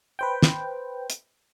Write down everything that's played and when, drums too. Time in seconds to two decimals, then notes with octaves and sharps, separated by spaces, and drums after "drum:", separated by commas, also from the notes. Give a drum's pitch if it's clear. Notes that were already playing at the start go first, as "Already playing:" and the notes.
0.19 B4 C5 G5
0.42 drum: snare
1.10 drum: hi-hat